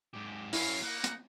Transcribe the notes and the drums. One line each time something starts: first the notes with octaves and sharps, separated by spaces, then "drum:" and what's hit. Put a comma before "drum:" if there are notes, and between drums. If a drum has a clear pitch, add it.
G#2 G4
F#3 C#4 E4 C#5 F5, drum: open hi-hat
A#3 D#4 F#5
drum: hi-hat